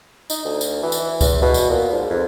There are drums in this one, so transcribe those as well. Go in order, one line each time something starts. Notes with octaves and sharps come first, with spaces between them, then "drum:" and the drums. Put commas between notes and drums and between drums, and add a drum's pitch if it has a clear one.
D#4, drum: tambourine
D2
drum: tambourine
E3
drum: tambourine
E2, drum: kick C#2, tambourine
B2
drum: tambourine
A#2
G#2
F2